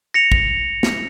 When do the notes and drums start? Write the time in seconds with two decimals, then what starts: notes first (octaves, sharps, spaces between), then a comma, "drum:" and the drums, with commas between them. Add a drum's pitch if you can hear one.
0.14 A#6 C#7 F7
0.32 drum: kick
0.83 drum: snare